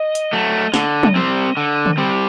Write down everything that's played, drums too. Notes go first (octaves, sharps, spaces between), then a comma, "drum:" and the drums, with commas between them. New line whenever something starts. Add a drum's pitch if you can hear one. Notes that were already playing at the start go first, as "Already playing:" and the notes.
Already playing: D#5
drum: hi-hat
F#3 A3
D3, drum: snare
drum: tom
G3 C4
D3
drum: tom D3
G3 C4